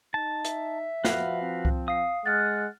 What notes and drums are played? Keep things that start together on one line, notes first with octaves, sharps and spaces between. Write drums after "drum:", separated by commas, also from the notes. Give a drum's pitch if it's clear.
D#4 A5
E5, drum: hi-hat
F3 F#4 B4 F5, drum: snare
C4
drum: kick C2
F5 D#6 C7
G#3 F#5 F6 F#6 A6